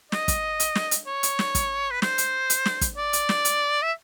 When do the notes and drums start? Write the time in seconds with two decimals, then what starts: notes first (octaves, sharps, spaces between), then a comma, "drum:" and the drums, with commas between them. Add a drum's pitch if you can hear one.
0.12 D#5, drum: snare
0.28 drum: kick, hi-hat
0.60 drum: hi-hat
0.75 drum: snare
0.91 drum: hi-hat
1.07 C#5
1.23 drum: hi-hat
1.39 drum: snare
1.55 drum: kick, hi-hat
1.91 B4
2.02 C5, drum: snare
2.18 drum: hi-hat
2.50 drum: hi-hat
2.66 drum: snare
2.81 drum: kick, hi-hat
2.97 D5
3.13 drum: hi-hat
3.29 drum: snare
3.45 drum: hi-hat
3.82 E5